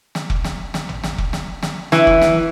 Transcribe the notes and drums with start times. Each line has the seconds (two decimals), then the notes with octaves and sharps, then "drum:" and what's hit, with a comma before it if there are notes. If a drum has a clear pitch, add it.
0.15 drum: snare
0.30 drum: kick F1
0.45 drum: snare
0.74 drum: snare
0.89 drum: tom
1.04 drum: snare
1.18 drum: kick F1
1.33 drum: snare
1.63 drum: snare
1.92 E3, drum: snare
2.07 drum: kick F1
2.22 drum: snare